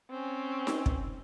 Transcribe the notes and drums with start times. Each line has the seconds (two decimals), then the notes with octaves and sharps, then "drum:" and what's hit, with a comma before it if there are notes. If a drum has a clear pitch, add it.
0.10 C4 C#4
0.67 drum: snare D#4
0.86 drum: kick